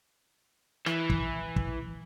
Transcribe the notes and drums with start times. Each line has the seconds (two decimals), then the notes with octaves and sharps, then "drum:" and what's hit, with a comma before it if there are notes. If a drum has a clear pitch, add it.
0.86 E3, drum: rim click
1.10 drum: kick
1.56 drum: kick